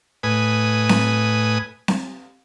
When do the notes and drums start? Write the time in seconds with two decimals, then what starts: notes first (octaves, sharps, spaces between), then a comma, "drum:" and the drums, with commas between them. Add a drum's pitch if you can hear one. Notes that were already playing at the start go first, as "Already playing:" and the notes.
0.23 A2 B4 G#5 D#6
0.89 drum: snare C4
1.88 drum: snare C4